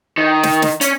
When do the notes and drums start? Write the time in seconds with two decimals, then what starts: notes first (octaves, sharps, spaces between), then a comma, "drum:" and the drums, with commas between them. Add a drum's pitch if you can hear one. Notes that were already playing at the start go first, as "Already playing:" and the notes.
0.18 D#3
0.43 drum: snare
0.62 drum: snare
0.81 C#4, drum: hi-hat